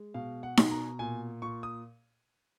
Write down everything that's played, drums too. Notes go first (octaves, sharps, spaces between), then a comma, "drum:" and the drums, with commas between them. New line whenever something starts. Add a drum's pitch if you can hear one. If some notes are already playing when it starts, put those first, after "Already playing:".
Already playing: G#3
B2 F5
F#5
B2, drum: snare D#4
A#5
A#2 G#5
A#2 C#6
D#6